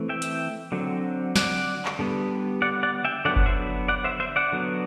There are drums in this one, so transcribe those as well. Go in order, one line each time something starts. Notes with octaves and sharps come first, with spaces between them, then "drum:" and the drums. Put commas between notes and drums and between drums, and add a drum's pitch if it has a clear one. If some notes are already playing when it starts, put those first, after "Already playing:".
Already playing: E3 A3 C4
E5 G5
drum: hi-hat
D3 F#3 C4
D5 F#5, drum: snare
drum: clap
D3 G3 B3
D5 F#5
D5 F#5
E5 G5
D3 F#3 B3 D5 F#5
drum: kick F#1
C5 E5
D5 F#5
C5 E5
C5 E5
D5 F#5
D3 F#3 B3